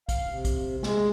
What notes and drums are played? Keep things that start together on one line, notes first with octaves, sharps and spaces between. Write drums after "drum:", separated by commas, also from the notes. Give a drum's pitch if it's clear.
F5, drum: kick, hi-hat
C3
drum: kick, hi-hat
G#3, drum: snare